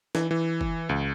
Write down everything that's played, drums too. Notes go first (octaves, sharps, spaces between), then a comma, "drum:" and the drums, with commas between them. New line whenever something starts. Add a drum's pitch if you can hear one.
E3, drum: snare
E3
drum: kick
C#2